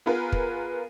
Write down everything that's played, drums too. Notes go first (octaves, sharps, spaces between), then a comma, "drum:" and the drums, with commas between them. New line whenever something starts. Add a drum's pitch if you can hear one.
B3 F4 G#4 A#4 B4
drum: kick